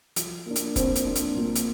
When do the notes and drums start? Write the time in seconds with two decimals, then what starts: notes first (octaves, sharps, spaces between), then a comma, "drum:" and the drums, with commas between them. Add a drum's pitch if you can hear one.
0.16 F3, drum: hi-hat
0.46 A#3 D4
0.56 drum: hi-hat
0.76 F3 C4, drum: kick F1, hi-hat
0.96 drum: hi-hat
1.06 A#3 D4
1.15 drum: hi-hat
1.36 A#2
1.55 drum: hi-hat